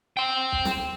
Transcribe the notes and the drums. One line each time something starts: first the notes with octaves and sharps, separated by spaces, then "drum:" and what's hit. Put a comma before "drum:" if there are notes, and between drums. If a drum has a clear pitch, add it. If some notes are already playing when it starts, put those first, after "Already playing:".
G5 C6
drum: kick
drum: snare